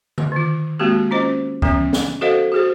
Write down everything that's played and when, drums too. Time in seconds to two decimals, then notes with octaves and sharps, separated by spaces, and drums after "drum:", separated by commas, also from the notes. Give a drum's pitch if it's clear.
0.18 drum: tom D3
0.32 D#3 F4
0.80 G#3 A#3 C4 F#4 G4
1.11 C#4 F4 C5 D#5
1.62 E3 G3 B3 C#4, drum: kick C#2
1.93 drum: snare
2.21 F#4 A4 C5 D#5 F5 F#5
2.52 F#4 G#4 C5